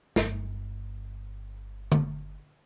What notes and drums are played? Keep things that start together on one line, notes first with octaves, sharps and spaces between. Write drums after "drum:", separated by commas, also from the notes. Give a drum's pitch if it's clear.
G1 E4, drum: snare
drum: tom D3